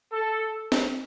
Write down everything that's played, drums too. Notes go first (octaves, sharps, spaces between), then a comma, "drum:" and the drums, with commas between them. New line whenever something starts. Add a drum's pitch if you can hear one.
A4
drum: snare